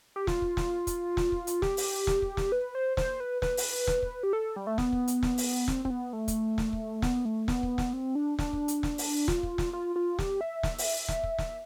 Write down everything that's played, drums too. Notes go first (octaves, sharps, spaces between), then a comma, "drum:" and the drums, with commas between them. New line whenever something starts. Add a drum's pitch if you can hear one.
G4
F4, drum: snare
drum: kick
drum: snare
drum: kick, hi-hat
drum: snare
drum: kick
drum: hi-hat
G4, drum: snare
drum: open hi-hat
drum: snare
drum: kick
drum: snare
B4
C5
C5, drum: snare
B4
B4, drum: snare
drum: open hi-hat
drum: snare
drum: kick
G4
A4
G3
A3
B3, drum: snare
drum: kick
drum: hi-hat
drum: snare
drum: open hi-hat
C4, drum: snare
C4, drum: kick
B3
A3
drum: kick, hi-hat
drum: snare
drum: kick
B3, drum: snare
A3
B3, drum: snare
drum: kick
drum: snare
C4
D4
D4, drum: snare
drum: kick
drum: hi-hat
drum: snare
drum: open hi-hat
F4, drum: snare
drum: kick
drum: snare
F4
F4
G4, drum: snare
E5
drum: snare
drum: open hi-hat
drum: snare
drum: kick
drum: snare